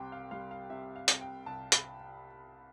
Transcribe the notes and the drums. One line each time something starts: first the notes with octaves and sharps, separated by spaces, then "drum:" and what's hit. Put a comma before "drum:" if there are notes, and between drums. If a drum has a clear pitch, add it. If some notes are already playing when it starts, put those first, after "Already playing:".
Already playing: C2 C3 G3 G5 C6 D6
F5
G3 F5
F5
C3 E5
F5
C3, drum: hi-hat
G5
C2 A5
B5, drum: hi-hat